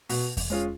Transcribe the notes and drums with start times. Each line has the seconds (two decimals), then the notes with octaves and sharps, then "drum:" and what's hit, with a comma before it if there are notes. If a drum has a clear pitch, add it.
0.09 B2, drum: open hi-hat
0.37 drum: kick E2, open hi-hat
0.50 G#3 C#4 F4 G#4